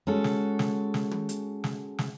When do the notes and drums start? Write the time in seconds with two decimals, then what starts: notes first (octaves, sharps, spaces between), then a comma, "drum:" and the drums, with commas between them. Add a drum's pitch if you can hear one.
0.07 G#3 C#4 F#4 A4
0.24 drum: snare
0.59 drum: snare
0.94 drum: snare
1.11 drum: tom
1.29 drum: hi-hat
1.64 drum: snare
1.99 drum: snare